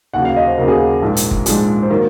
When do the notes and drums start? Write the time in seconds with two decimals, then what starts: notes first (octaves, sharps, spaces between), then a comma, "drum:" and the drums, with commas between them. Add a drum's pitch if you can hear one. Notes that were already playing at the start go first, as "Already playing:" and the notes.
0.14 D#2 C#3 F#3 F#5
0.25 F5
0.36 D#5
0.47 C5
0.58 D#2 C#3 F#3 A#4
0.68 G#4
0.79 A#4
1.02 A#1 G#2 F3 G#3
1.17 drum: hi-hat
1.31 drum: kick G1
1.46 A#1 G#2 F3 G#3 G#4, drum: hi-hat
1.83 C5
1.89 D#3 F#3 A#3 F4 A#4